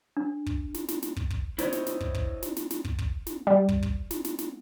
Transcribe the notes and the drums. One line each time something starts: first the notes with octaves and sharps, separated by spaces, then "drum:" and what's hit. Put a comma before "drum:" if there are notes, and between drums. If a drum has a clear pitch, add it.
D4
drum: kick
drum: snare
drum: snare
drum: snare
drum: kick
drum: kick
E4 C5 C#5 D#5, drum: snare
drum: snare
drum: snare
drum: kick
drum: kick
drum: snare
drum: snare
drum: snare
drum: kick
drum: kick
drum: snare
G3
drum: kick
drum: kick
drum: snare
drum: snare
drum: snare